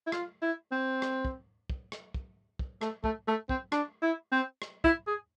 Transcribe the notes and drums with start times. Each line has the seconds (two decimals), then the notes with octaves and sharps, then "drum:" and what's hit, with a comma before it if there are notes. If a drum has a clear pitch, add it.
0.07 E4
0.12 F4, drum: rim click
0.42 E4
0.72 C4
1.02 drum: rim click
1.25 drum: kick
1.70 drum: kick
1.92 drum: rim click
2.14 drum: kick
2.59 drum: kick
2.81 A3, drum: rim click
3.04 A3, drum: kick
3.27 A3
3.49 C4, drum: kick
3.72 D4, drum: rim click
4.02 E4
4.32 C4
4.62 drum: rim click
4.84 E4, drum: kick
5.07 G#4